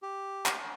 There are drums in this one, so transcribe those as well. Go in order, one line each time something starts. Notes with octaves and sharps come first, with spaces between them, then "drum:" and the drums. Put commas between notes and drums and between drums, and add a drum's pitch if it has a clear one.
G4
drum: clap